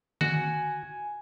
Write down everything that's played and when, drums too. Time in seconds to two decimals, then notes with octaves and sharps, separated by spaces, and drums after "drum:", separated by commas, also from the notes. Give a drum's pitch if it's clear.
0.21 F#4 G#5, drum: tom D3